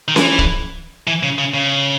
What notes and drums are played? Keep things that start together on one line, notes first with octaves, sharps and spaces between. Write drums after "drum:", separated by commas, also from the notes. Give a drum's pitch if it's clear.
D#3
E3, drum: snare C#4
drum: kick
E3
C#3
C#3
C#3